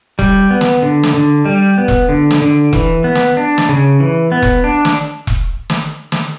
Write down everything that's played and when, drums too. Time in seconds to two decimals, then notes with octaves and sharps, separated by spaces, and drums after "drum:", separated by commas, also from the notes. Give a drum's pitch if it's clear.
0.19 G3, drum: kick E1
0.50 B3
0.61 drum: snare
0.82 D3
1.03 drum: snare
1.14 D3
1.45 G3
1.78 B3
1.88 drum: kick E1
2.09 D3
2.31 drum: snare
2.42 D3
2.73 E3, drum: kick E1
3.04 B3
3.15 drum: snare
3.37 D4
3.58 drum: snare
3.69 C#3
4.00 E3
4.32 B3
4.42 drum: kick E1
4.64 D4
4.85 drum: snare
5.27 drum: kick E1
5.70 drum: snare
6.12 drum: snare